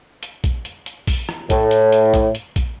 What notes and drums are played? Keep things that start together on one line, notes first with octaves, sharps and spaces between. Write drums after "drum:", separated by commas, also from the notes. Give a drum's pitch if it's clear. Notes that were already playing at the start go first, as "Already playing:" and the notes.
drum: hi-hat
drum: kick, hi-hat
drum: hi-hat
drum: hi-hat
drum: kick, open hi-hat
drum: rim click
A2, drum: kick, hi-hat
drum: hi-hat
drum: hi-hat
drum: kick, hi-hat
drum: hi-hat
drum: kick, hi-hat